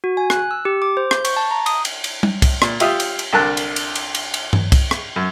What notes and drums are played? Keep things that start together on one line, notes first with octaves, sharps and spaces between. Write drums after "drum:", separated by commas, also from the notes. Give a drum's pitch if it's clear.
F#4
G#5
F#6, drum: rim click
E6
G4
D6
C5
G6, drum: rim click
C#6, drum: cymbal
A5
A#5
D#6, drum: cymbal
drum: cymbal
drum: cymbal
drum: tom G3
drum: kick, cymbal
A#2, drum: rim click
F4 G4 E5 F5 D#6, drum: cymbal
drum: cymbal
drum: cymbal
C2 D3 A#4 A5 F#6
drum: cymbal
drum: cymbal
drum: cymbal
drum: cymbal
drum: cymbal
drum: tom G2
drum: kick, cymbal
drum: rim click
F#2